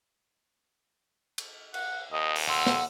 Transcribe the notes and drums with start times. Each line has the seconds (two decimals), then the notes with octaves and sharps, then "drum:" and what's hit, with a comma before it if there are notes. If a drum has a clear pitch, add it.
1.38 drum: cymbal
1.74 F#5, drum: cymbal
2.13 D#2 D#5
2.36 drum: open hi-hat
2.49 F#5 C6 E6
2.66 drum: snare